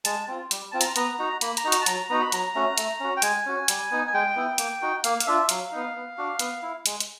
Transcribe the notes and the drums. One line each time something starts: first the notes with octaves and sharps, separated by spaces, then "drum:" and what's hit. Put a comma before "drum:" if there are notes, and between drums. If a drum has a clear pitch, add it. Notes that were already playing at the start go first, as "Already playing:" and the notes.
G#3 A5, drum: hi-hat
C4 F4
G3, drum: hi-hat
C4 F4 A5
A#5, drum: hi-hat
B3 A#5, drum: hi-hat
D#4 F#4
A#3 B5, drum: hi-hat
A#5, drum: hi-hat
D#4 F#4
A#5, drum: hi-hat
A5
F#3 A#5, drum: hi-hat
B3 D#4 F#4 A#5
B5
F#3 A#5, drum: hi-hat
A3 C#4 F#4
A3, drum: hi-hat
C#4 F#4
G5
G#3 G#5, drum: hi-hat
C#4 F#4
G3, drum: hi-hat
B3 D#4
G#5
G#3 G5
B3 E4
A#3, drum: hi-hat
D#4 F#4
A#3 F5, drum: hi-hat
F5, drum: hi-hat
D4 F4 E5
F#3 F5, drum: hi-hat
B3 D#4
B3
D4 F#4
B3, drum: hi-hat
E4
G#3, drum: hi-hat
drum: hi-hat